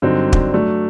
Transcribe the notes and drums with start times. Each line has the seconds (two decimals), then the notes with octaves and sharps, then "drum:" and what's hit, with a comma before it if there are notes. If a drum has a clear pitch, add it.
0.02 G2 D3 F#3 C4 D#4
0.33 drum: kick
0.54 F#3 A3 D4